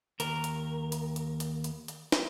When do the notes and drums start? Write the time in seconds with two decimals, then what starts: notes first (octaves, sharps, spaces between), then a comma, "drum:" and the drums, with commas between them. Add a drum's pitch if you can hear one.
0.20 D#2 A#4, drum: hi-hat
0.44 drum: hi-hat
0.92 drum: hi-hat
1.16 drum: hi-hat
1.40 drum: hi-hat
1.64 drum: hi-hat
1.88 drum: hi-hat
2.12 drum: snare